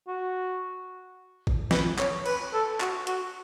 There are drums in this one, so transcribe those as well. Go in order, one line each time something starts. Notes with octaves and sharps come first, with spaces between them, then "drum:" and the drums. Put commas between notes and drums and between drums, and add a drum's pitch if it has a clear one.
F#4
drum: kick
B4, drum: snare
C#5, drum: clap
B4, drum: cymbal
A4
F#4, drum: clap
F#4, drum: hi-hat